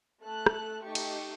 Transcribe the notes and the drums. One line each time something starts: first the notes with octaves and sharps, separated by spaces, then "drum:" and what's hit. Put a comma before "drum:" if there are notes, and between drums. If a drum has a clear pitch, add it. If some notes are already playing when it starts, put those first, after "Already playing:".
A3 A4 F#6
drum: rim click
A3 D#4 G4 C#6
drum: cymbal